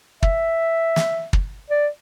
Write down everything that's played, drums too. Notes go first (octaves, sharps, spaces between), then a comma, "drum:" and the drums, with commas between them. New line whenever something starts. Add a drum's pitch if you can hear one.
E5, drum: kick
drum: snare
drum: kick
D5